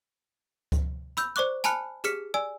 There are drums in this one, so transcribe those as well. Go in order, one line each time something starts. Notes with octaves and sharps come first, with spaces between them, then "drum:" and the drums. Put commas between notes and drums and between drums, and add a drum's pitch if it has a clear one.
drum: kick C#2, hi-hat
B5 E6 G6, drum: hi-hat
C5 D5 C#6 D6 F#6
G#5 A5 B5 F6 F#6 C#7, drum: hi-hat
G4 G#4 F6 B6 C#7, drum: hi-hat
D5 G#5 E6